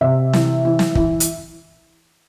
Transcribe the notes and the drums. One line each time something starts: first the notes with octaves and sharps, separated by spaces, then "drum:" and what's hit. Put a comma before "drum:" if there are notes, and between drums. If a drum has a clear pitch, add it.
C3 E5
E3, drum: snare
E3
drum: snare
E3, drum: kick
drum: hi-hat